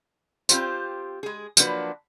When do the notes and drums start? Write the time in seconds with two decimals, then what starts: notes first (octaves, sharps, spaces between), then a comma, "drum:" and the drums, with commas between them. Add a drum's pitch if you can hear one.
0.49 C4 F4 G4 C5, drum: tambourine
1.23 G#3 G#4
1.57 F3 F#3 A#3 D4 F#4 B4, drum: tambourine